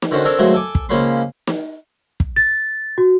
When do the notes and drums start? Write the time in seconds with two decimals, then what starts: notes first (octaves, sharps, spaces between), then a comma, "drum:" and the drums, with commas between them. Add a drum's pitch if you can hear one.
0.02 drum: snare
0.11 D3 D#3 C#4 F#4 C5
0.24 C4 D4 A4 A#4 C#5
0.39 D#2 F#3 G#3 A3 C5 C6
0.54 A4 G#5 D6
0.75 drum: kick
0.89 C#2 F3 A#3 C#4 B5 C6
1.47 drum: snare
2.20 drum: kick
2.36 A6
2.98 F#4